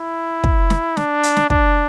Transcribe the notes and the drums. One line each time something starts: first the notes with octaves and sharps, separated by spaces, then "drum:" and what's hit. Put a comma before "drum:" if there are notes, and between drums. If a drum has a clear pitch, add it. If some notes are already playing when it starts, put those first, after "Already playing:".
Already playing: E4
drum: kick
drum: snare
D4, drum: snare
drum: hi-hat
drum: snare
D4, drum: kick